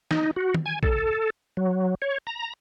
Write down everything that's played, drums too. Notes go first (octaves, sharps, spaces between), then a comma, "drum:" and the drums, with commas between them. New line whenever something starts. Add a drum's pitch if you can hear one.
D#4, drum: snare
F#4
drum: tom
G#5
A4, drum: kick
F#3
C#5
A#5